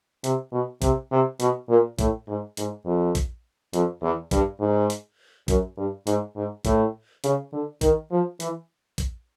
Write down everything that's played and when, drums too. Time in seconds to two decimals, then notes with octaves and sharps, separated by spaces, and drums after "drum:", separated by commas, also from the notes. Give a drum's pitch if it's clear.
0.24 C3, drum: hi-hat
0.52 B2
0.82 C3, drum: kick A#1, hi-hat
1.11 C3
1.40 B2, drum: hi-hat
1.69 A#2
1.99 A2, drum: kick A#1, hi-hat
2.28 G#2
2.57 G#2, drum: hi-hat
2.85 F2
3.15 drum: kick A#1, hi-hat
3.73 F2, drum: hi-hat
4.02 E2
4.31 G2, drum: kick A#1, hi-hat
4.60 G#2
4.90 drum: hi-hat
5.48 F#2, drum: kick A#1, hi-hat
5.77 G2
6.07 G#2, drum: hi-hat
6.36 G#2
6.65 A2, drum: kick A#1, hi-hat
7.24 C#3, drum: hi-hat
7.52 D3
7.81 D#3, drum: kick A#1, hi-hat
8.11 F3
8.40 E3, drum: hi-hat
8.98 drum: kick A#1, hi-hat